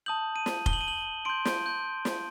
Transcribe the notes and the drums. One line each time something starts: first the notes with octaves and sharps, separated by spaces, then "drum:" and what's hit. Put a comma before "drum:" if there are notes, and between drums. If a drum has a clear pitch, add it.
A5 D#6 G6 F#7
D#7
drum: snare
G7, drum: kick F1
F#7
D#7
F#7
C6 G6 D7
G6, drum: snare
G6
drum: snare